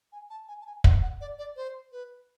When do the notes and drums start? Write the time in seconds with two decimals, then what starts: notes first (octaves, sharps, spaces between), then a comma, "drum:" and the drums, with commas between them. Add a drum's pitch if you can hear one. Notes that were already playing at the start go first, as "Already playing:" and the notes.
0.12 G#5
0.30 A5
0.48 G#5
0.61 A5
0.66 G#5
0.84 F#5, drum: kick
1.02 F#5
1.21 D5
1.38 D5
1.56 C5
1.92 B4